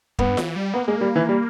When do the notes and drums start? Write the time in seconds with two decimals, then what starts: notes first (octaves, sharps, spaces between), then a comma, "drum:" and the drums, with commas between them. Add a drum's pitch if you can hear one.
0.19 G2 B3, drum: kick
0.37 E3, drum: snare F4
0.56 G3
0.74 A#3 B3
0.88 G#3
1.01 G3
1.16 E3
1.29 G3